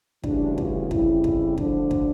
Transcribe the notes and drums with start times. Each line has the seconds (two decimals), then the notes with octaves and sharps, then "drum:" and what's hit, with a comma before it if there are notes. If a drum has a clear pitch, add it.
0.23 D2 C#3 E3 G3 D4, drum: kick
0.58 F4, drum: kick
0.91 F2 C#3 G3 E4, drum: kick
1.24 drum: kick
1.58 D2 D3 F3 D4, drum: kick
1.91 drum: kick